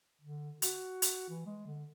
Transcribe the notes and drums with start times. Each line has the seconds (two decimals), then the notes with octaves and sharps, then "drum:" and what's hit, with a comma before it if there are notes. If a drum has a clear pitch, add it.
0.21 D3
0.62 F#4, drum: hi-hat
1.02 drum: hi-hat
1.29 E3
1.46 G#3
1.66 D3